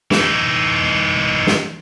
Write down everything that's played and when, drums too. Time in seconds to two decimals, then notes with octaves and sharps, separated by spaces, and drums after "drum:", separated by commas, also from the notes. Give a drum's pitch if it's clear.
0.11 E3 D#4, drum: snare
1.47 drum: snare